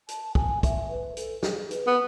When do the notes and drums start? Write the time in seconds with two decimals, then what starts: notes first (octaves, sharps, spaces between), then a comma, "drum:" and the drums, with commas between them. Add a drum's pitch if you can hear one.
0.08 A5, drum: hi-hat
0.35 G#5, drum: kick
0.63 E5, drum: kick, hi-hat
0.89 B4
1.17 A4, drum: hi-hat
1.43 G#4, drum: snare
1.71 B4, drum: hi-hat
1.87 B3